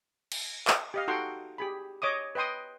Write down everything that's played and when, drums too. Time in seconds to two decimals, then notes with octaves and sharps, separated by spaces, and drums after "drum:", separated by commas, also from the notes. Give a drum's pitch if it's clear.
0.32 drum: cymbal
0.67 drum: clap
0.94 G4 D#5 F5
1.08 D#4 F#4 A4 F#5 G5 C6
1.58 G4 G#4 B5
2.02 C#5 D#5 D6 D#6
2.35 B4 D#5 G5 C6 D#6